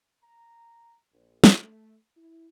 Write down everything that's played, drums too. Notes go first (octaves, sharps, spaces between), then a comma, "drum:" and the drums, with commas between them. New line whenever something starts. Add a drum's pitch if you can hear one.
A#5
A#1
drum: snare
A3
E4